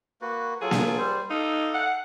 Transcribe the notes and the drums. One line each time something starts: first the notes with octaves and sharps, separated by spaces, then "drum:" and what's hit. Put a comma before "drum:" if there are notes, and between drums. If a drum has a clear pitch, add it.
A#3 F#4 B4
F#3 F4 G#4 A4
drum: snare A#3
G3 C5
D#4 A4 F5
F#5